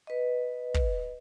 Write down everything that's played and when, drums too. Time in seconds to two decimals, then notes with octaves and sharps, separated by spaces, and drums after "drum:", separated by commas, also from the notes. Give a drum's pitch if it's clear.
0.07 B4 D#5
0.74 drum: kick